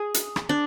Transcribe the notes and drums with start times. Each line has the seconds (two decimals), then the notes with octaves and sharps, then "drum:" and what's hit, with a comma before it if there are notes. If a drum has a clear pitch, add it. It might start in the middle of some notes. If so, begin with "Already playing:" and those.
Already playing: G#4
0.14 drum: hi-hat
0.36 drum: rim click
0.49 D4